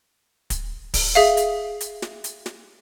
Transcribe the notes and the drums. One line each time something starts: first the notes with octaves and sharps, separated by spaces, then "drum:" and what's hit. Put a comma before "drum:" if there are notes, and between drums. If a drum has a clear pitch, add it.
drum: kick, hi-hat
drum: kick, open hi-hat
G#4 E5 F5
drum: hi-hat
drum: hi-hat
drum: snare
drum: hi-hat
drum: snare